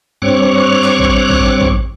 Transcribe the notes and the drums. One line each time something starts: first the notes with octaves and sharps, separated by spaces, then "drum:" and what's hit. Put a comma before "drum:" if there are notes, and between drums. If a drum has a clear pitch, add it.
G2 C4 C#5 C#6 D6 F#6
drum: clap
drum: kick A1
drum: kick A1
drum: kick A1